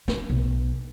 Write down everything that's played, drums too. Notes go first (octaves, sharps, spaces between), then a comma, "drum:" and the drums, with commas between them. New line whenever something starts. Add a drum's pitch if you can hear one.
D4, drum: snare
B1